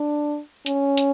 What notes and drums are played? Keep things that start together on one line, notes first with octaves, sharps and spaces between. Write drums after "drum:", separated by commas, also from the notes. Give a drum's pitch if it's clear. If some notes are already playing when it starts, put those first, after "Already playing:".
Already playing: D4
C#4, drum: hi-hat
drum: hi-hat